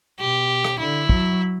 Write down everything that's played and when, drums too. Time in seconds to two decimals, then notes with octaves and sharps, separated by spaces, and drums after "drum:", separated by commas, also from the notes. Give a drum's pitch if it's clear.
0.19 B2 G4
0.64 drum: rim click
0.79 D3 E4
1.09 F#3, drum: kick